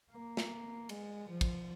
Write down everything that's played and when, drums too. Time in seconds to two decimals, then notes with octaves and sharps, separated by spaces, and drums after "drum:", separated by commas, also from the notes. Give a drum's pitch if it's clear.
0.11 A#3
0.37 drum: snare
0.89 G#3, drum: cymbal
1.29 F3
1.41 drum: kick, cymbal